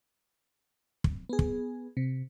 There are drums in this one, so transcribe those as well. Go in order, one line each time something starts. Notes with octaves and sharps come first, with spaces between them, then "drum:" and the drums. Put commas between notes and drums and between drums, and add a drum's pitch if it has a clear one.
drum: kick
B3 G#4
drum: kick
C3